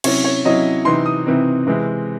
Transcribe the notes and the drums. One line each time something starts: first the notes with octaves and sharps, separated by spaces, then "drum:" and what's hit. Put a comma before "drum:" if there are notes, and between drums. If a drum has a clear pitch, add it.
C3 F#3 C#4 E4 C#5, drum: cymbal
C#5
C3 F#3 C#4 E4 D#5
C3 E3 C4 D#4 C6
D#6
C3 E3 C4 D#4
C3 E3 G#3 C4